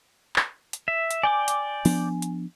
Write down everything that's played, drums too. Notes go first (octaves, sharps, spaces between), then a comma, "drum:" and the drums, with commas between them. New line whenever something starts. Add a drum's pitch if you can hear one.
drum: clap
drum: hi-hat
E5
drum: hi-hat
D5 G5 G#5 D6
drum: hi-hat
F3 B3 D4, drum: open hi-hat
drum: hi-hat